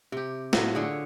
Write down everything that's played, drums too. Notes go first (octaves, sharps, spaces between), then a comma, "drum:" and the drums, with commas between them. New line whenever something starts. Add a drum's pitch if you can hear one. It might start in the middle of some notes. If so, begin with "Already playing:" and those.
C3 G4
A2 F#3 F4 E5, drum: snare
D3 G#4 C#5